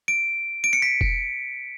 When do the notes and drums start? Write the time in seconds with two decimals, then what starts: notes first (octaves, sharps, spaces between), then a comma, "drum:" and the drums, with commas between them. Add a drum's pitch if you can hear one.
0.08 D7
0.64 D7
0.73 C#7
0.82 B6
1.01 drum: kick E1